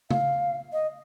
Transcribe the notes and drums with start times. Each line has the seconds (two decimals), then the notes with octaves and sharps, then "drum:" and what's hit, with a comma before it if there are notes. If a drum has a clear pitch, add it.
0.10 F5, drum: tom
0.73 D#5